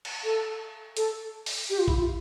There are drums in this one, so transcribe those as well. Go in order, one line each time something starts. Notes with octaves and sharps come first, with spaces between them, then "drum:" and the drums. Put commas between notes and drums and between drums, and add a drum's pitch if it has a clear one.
drum: cymbal
A4
A4, drum: hi-hat
drum: open hi-hat
G4
F4
E4, drum: kick
F4